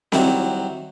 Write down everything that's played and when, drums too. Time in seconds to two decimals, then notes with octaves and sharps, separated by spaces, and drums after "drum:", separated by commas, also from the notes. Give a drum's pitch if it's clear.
0.12 D#3 F#3 G3 C4 E4 F#4, drum: snare C4